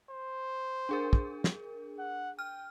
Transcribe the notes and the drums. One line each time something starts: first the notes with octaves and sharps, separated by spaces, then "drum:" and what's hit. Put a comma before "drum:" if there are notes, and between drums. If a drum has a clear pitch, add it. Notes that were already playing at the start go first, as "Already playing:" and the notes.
C5
D4 G#4 A#4
drum: kick
drum: snare
F#5
G5 F6